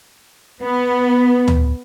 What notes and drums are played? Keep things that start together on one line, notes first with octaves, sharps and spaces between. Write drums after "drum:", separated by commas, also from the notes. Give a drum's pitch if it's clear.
B3
drum: tom